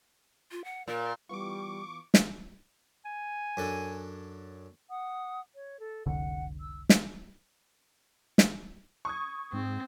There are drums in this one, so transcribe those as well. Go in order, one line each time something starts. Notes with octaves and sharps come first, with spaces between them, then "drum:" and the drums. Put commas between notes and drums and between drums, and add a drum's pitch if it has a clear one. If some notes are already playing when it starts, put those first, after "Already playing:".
F4
F#5
A#2 A#4
E3 G3 B3 F4 C#6 D6
drum: snare
G#5
F#2 D4 A4
F#5 D#6
C#5
A4
F1 C2 D3 F#5
E6
drum: snare
drum: snare
C#6 D#6 G#6
G#2 C4